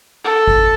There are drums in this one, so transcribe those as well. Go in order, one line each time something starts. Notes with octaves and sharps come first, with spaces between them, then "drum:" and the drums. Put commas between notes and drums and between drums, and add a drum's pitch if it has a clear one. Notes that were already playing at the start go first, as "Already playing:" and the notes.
A4
drum: kick G#1